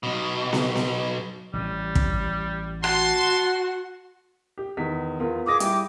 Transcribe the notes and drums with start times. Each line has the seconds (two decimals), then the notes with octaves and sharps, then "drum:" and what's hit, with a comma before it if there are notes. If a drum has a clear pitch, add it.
0.03 B1 B2
0.53 drum: snare
0.76 drum: snare
1.54 A1 A2 G3
1.95 drum: kick
2.84 F#4 F#5 A5 C6, drum: rim click
4.58 G4
4.77 E2 D#3 B6
5.19 E2 F4 A#4
5.46 G#4 F5 D6 D#6 A#6
5.60 G3 E4 G5 D6, drum: hi-hat